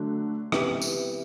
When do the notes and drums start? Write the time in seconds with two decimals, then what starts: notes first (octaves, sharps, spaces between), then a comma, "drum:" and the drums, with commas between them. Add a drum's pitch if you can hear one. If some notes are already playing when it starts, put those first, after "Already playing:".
Already playing: D3 F#3 A3 D4 F#4
0.52 C3 E3 B3 E4 G4, drum: rim click
0.81 drum: tambourine